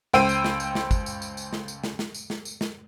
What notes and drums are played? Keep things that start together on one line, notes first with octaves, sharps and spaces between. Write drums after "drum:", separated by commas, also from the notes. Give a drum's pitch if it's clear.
C#2 C5 G5 E6 C7 D#7, drum: snare
drum: tambourine
drum: snare
drum: tambourine
drum: snare
drum: kick, tambourine
drum: tambourine
drum: tambourine
drum: tambourine
drum: snare
drum: tambourine
drum: snare
drum: snare
drum: tambourine
drum: snare
drum: tambourine
drum: snare